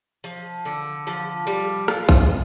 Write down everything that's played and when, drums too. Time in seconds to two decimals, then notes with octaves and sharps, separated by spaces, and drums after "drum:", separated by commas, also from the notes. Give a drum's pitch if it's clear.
0.24 F3
0.65 D3, drum: tambourine
1.07 F3, drum: tambourine
1.47 G3, drum: tambourine
1.88 F4, drum: rim click
2.09 drum: kick